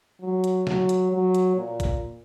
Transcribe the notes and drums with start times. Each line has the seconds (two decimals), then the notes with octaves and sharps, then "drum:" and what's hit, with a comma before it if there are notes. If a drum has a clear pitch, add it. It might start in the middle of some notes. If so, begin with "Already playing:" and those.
0.21 F#3
0.44 drum: hi-hat
0.67 F#3, drum: snare
0.89 drum: hi-hat
1.12 F#3
1.34 drum: hi-hat
1.57 A#2
1.80 drum: kick G#1, hi-hat